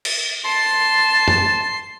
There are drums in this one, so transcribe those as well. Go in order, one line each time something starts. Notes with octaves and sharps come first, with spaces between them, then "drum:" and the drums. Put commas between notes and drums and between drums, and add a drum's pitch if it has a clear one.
drum: cymbal
A5 C6
drum: tom F#2